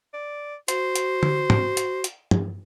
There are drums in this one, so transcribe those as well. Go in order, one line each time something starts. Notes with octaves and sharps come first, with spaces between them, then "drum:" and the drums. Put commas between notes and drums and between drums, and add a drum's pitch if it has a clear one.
D5
F#4 C5, drum: hi-hat
drum: hi-hat
drum: tom D3
drum: tom
drum: hi-hat
drum: hi-hat
drum: tom